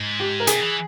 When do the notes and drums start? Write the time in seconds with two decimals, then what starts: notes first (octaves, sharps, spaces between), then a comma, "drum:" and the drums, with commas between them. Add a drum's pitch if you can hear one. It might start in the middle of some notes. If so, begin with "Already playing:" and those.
Already playing: G#2
0.20 G4
0.40 A#4
0.47 C3 G#4, drum: hi-hat
0.61 E3